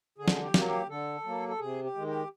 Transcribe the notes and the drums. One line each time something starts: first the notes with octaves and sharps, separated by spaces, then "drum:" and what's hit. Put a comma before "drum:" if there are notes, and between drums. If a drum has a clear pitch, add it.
D3 G#4
drum: snare
G4
F#3 A#3, drum: snare
G4
D3 A4
F#3 A#3
A4
C3 G#4
G4
D#3 G#3
G4